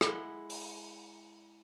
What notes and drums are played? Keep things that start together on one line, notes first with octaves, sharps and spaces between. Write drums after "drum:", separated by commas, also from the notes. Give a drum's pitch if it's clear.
G#3 E4 F#5 C6, drum: rim click
drum: open hi-hat